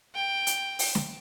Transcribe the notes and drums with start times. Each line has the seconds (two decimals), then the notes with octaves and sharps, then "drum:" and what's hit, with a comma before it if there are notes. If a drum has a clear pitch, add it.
0.15 G5
0.47 drum: hi-hat
0.79 drum: open hi-hat
0.95 drum: snare